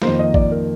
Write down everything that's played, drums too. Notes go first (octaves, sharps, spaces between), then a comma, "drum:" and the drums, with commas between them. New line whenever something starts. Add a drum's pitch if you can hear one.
F2 D#3 A#3 C5, drum: snare
D#5
D5, drum: kick G#1
A#4